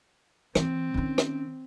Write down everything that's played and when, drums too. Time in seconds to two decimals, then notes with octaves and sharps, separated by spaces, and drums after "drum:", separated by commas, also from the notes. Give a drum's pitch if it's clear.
0.55 E3 C4, drum: rim click
0.94 D#3 C#4
1.18 drum: rim click